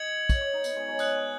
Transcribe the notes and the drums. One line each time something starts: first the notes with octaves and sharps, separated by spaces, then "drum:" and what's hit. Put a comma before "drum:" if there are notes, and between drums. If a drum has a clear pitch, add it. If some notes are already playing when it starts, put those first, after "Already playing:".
Already playing: D#5 G#6 C#7 F#7
C#5, drum: kick, tambourine
C#5
D#4
B3, drum: tambourine
G#3
F#3
G#3 D#6 F#6 C#7 F#7, drum: tambourine
G#3